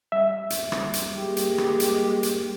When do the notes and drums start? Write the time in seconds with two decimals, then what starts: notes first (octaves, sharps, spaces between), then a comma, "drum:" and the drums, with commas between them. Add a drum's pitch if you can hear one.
0.12 G3 E5
0.50 drum: hi-hat
0.72 drum: rim click
0.93 drum: hi-hat
1.15 G#3 A#3 G4
1.37 drum: hi-hat
1.58 drum: rim click
1.80 drum: hi-hat
2.23 drum: hi-hat